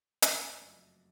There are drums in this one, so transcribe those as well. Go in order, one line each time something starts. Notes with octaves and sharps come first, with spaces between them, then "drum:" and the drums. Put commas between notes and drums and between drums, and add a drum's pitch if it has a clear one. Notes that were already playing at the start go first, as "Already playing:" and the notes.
F#1 D#5, drum: hi-hat
D5
D#5
F2 C#3 F#3 A3